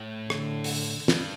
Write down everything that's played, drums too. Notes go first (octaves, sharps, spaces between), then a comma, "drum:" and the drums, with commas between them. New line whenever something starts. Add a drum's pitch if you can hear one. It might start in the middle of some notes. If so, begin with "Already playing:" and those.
Already playing: A2
D3, drum: rim click
drum: open hi-hat
G2, drum: snare